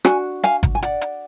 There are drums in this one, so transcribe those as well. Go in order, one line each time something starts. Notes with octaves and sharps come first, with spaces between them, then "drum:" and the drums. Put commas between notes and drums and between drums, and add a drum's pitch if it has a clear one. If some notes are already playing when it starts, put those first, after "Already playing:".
D4 F#4 G#5, drum: rim click
F5 G#5, drum: hi-hat
drum: kick G#1, hi-hat
G#5
D5 F#5, drum: hi-hat
drum: hi-hat